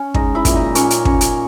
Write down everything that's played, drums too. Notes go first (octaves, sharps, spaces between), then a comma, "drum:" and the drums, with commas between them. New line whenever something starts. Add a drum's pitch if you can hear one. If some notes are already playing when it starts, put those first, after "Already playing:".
Already playing: C#4
G#3 D#4 D#5, drum: kick
E4 E5
A#2, drum: kick, hi-hat
D#4 D#5
A#2 C#4 C#5, drum: hi-hat
drum: hi-hat
C#4, drum: kick
drum: hi-hat